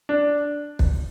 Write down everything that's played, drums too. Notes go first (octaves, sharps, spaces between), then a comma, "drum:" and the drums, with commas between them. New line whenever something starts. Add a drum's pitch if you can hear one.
D4
drum: kick